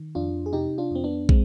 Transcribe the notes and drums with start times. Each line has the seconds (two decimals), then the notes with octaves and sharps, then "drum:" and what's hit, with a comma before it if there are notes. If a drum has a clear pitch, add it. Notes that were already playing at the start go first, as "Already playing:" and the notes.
Already playing: D#3
0.15 F2 D4 F4
0.46 G#4
0.53 C3 D#4 G4
0.78 D4 F4
0.91 F2 C4
1.04 B3 D4
1.29 G#3 C4, drum: kick